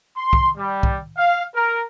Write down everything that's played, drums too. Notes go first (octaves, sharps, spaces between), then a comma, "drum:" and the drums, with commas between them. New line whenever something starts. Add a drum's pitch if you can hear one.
C6
drum: kick
G3
drum: kick
F5
A#4